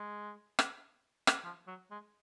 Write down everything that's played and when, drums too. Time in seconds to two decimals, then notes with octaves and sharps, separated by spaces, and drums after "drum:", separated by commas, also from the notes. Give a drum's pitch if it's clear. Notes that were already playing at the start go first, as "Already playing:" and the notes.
Already playing: G#3
0.59 drum: rim click
1.27 drum: rim click
1.44 F3
1.67 F#3
1.91 G#3